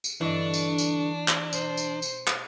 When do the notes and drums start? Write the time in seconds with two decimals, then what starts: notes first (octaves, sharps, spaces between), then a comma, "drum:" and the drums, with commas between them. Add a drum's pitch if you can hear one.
0.04 drum: tambourine
0.21 G2 D3 E3 D4 D#5 C#6
0.54 drum: tambourine
0.78 drum: tambourine
1.28 drum: clap
1.53 B2 C5, drum: tambourine
1.77 drum: tambourine
2.02 drum: tambourine
2.27 drum: clap